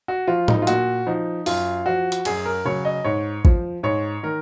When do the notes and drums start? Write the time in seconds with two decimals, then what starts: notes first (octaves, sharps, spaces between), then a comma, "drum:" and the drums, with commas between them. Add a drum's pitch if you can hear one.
0.08 F#4
0.27 F3 F4
0.48 D#4, drum: tom A2
0.62 F4
0.67 A#2 F#4, drum: hi-hat
1.06 F3 D#4
1.46 F#2 F4, drum: open hi-hat
1.86 F3 F#4
2.12 drum: hi-hat
2.25 F#2 G#4, drum: cymbal
2.45 A#4
2.65 C#3 F#3 C#5
2.85 D#5
3.04 G#2 C#5
3.45 F3, drum: kick A1
3.83 G#2 C#5
4.23 D#3 A#4